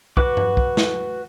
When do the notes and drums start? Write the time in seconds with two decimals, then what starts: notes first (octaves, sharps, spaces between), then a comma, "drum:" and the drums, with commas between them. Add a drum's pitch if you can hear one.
0.17 F#4 B4 F#5 D6, drum: kick
0.37 drum: tom G2
0.57 drum: kick
0.77 drum: snare